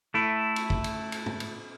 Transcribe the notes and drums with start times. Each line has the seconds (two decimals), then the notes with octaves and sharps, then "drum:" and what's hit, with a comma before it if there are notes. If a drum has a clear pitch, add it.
0.14 A3 E4
0.56 drum: cymbal
0.70 drum: kick
0.84 drum: cymbal
1.12 drum: cymbal
1.26 drum: tom A2
1.40 drum: cymbal